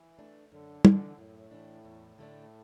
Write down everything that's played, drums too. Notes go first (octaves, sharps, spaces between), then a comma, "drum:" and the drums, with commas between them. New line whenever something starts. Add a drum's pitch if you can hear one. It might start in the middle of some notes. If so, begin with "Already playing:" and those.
Already playing: E3
A3 D4
F#2 D3
D3 E3 D4, drum: tom
F#2 A2
E3 D4
E2
D3 A3 D4